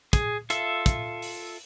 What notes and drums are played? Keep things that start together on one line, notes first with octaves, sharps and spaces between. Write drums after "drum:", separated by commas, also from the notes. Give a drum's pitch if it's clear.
G#4, drum: kick, hi-hat
F4 A4 E5, drum: hi-hat
drum: kick, hi-hat
drum: open hi-hat